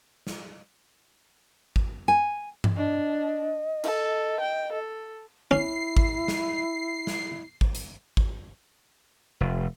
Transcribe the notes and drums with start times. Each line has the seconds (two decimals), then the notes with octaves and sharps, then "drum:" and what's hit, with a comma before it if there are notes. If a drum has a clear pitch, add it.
0.27 drum: snare
1.76 drum: kick
2.08 G#5
2.64 drum: tom G2
2.77 D4 D#5
3.84 A4, drum: cymbal
4.40 G5
4.73 A4
5.51 C#4 E4 C7
5.97 drum: kick
6.28 drum: snare
7.07 drum: snare
7.61 drum: kick
7.75 drum: hi-hat
8.17 drum: kick
9.41 F1